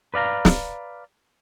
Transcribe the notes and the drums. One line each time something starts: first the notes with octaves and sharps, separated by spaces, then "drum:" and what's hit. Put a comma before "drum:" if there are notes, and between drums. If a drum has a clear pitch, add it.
B4 D5 F5 A#5
drum: snare